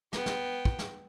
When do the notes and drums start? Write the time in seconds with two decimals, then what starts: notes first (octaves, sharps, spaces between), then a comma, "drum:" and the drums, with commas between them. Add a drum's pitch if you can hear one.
0.13 B3 G5, drum: snare
0.26 drum: snare
0.65 drum: kick
0.79 drum: snare